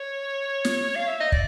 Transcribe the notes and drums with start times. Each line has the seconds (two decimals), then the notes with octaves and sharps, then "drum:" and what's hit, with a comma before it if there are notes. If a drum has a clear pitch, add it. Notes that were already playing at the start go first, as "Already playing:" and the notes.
Already playing: C#5
0.65 drum: snare
0.96 F5
1.08 E5
1.20 D#5
1.32 D5, drum: kick